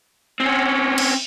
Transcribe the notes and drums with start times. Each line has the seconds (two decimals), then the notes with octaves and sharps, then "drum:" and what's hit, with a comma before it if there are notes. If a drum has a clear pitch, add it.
0.40 C4 C#4
0.98 drum: cymbal